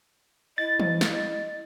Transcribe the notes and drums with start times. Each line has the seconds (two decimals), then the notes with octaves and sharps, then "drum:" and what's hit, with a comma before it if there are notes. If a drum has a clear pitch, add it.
0.58 E4 D#5 A6
0.80 drum: tom E3
1.01 drum: snare